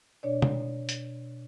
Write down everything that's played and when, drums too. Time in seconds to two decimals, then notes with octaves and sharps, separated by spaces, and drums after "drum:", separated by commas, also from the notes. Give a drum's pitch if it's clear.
0.23 B2 D4 C#5 D5
0.42 drum: tom
0.89 drum: hi-hat